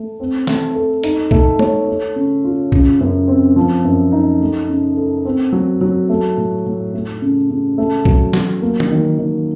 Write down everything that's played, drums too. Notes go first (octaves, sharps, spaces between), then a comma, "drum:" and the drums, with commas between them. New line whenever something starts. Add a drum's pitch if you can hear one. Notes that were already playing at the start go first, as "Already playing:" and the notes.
Already playing: A3
C4
A3, drum: snare
A4
D#4, drum: hi-hat
A3, drum: kick B1
C#5, drum: tom
A3
C#3
F4
C#3, drum: kick B1
F#2
C4
F3
F#2
D#4
A3
C#3
A4
C4
F#3
F#3
A3
A2
A2
A3
C#3
C#3
A3
F#3, drum: kick B1
F#3, drum: snare
A#3
drum: tom
D#3
D#3